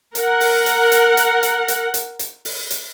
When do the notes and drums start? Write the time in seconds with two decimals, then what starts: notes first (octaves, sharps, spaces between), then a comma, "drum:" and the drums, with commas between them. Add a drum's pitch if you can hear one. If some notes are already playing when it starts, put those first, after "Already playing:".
0.15 A#4 F#5, drum: hi-hat
0.40 drum: open hi-hat
0.66 drum: hi-hat
0.92 drum: hi-hat
1.17 drum: hi-hat
1.43 drum: hi-hat
1.68 drum: hi-hat
1.94 drum: hi-hat
2.19 drum: hi-hat
2.45 drum: open hi-hat
2.70 drum: hi-hat